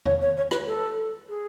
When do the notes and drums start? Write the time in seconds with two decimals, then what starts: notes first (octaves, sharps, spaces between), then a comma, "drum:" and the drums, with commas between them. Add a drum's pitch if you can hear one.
0.05 C#5, drum: tom E2
0.21 C#5
0.37 C#5
0.51 B4, drum: rim click
0.66 A4
1.28 G#4